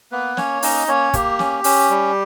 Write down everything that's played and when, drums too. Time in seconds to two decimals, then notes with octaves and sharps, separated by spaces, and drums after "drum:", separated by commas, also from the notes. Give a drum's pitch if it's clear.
0.12 A#3 B3 B4
0.37 A#3 C#4 C#5, drum: snare
0.62 C#4 D#4 D#5, drum: open hi-hat
0.88 A#3 C#4 C#5
1.13 A#3 G4, drum: kick, hi-hat
1.39 C#4, drum: snare
1.64 C#4, drum: open hi-hat
1.90 G3